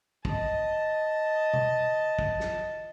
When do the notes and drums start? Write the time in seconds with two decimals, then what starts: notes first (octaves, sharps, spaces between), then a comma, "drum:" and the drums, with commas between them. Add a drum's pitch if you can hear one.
0.25 D#5 A5, drum: kick
1.53 drum: tom
2.19 drum: kick
2.40 drum: snare